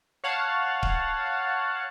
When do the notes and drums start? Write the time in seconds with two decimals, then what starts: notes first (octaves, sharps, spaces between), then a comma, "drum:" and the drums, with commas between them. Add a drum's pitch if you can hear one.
0.24 C#5 F5 F#5 A5
0.83 drum: kick C#1